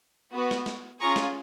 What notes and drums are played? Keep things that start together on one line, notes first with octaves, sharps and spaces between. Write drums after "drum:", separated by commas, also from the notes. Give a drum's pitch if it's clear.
B3 F#4
drum: snare
drum: snare
C#4 F4 G#4 A#5 C#6
drum: snare